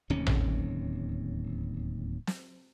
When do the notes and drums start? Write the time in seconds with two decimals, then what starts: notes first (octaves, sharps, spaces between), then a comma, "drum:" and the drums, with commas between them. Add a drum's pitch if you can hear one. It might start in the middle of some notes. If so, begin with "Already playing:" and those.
0.10 D1 D#2 C3 C#4
0.27 drum: tom A1
2.27 drum: snare